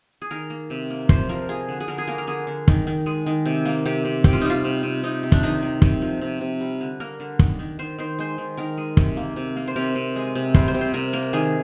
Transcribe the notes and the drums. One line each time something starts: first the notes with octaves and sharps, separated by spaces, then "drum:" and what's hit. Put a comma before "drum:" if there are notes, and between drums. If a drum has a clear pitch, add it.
G#4
D#3 A#4
A#3
C3
A#3
F3 C5, drum: kick
F3 A#4
F3 G#4
D3
G#4
D3 A#4
G#4
A#3 A#4
A#4
D3 G#4
D3
D#3, drum: kick
D#3
G#3
D#3
C3
A#3
C3 G4
C3
C3 G4, drum: kick
F4
G3 D#4
F4
C3
C3
C3 D#4
C3
D4, drum: kick
D#3 D#4
D#3
C3, drum: kick
F3
C3
C3
G3
D3
A#3 A#4
D3
D#3, drum: kick
D#3
D#3 C5
D#3 C5
G#3 C5
D#3
D#3 A#4
G#3
C3, drum: kick
A#3
C3
A#3
C5
C3 A#4
C3
G#3
C3
G3 C5, drum: kick
C5
C3
C5
C3 A#4
A#3 A#4
D#3 G#4